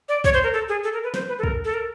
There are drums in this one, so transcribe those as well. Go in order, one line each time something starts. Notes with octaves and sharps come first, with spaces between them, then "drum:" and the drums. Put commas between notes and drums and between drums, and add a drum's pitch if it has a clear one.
D5
C#5, drum: kick
C5
A#4
A4
G#4
A4
A#4
B4
C5, drum: snare
B4
A4
A#4, drum: kick
A4
A#4